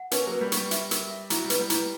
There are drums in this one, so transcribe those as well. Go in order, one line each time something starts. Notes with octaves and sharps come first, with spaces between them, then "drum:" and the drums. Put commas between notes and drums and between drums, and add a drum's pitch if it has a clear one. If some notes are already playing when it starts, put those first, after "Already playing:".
Already playing: F#5
A#3 C#4 B4, drum: hi-hat
F#3 A#3 B4
G3
C#6, drum: hi-hat
G3
E5, drum: hi-hat
A#4, drum: hi-hat
E5
F#3 E4, drum: hi-hat
G3
B4, drum: hi-hat
G3 B3
G3 E4, drum: hi-hat